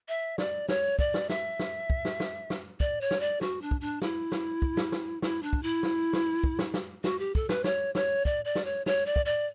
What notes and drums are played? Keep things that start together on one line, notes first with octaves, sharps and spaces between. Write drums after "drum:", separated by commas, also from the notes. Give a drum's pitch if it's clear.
E5
D5, drum: snare
C#5, drum: snare
D5, drum: kick
drum: snare
E5, drum: snare
drum: snare
drum: kick
drum: snare
drum: snare
drum: snare
D5, drum: kick
C#5
drum: snare
D5
F#4, drum: snare
D4
drum: kick
D4
E4, drum: snare
drum: snare
drum: kick
drum: snare
drum: snare
E4, drum: snare
D4
drum: kick
E4
drum: snare
drum: snare
drum: kick
drum: snare
drum: snare
F#4, drum: snare
G4
A4, drum: kick
B4, drum: snare
C#5, drum: snare
C#5, drum: snare
D5, drum: kick
D5
drum: snare
C#5
C#5, drum: snare
D5
drum: kick
D5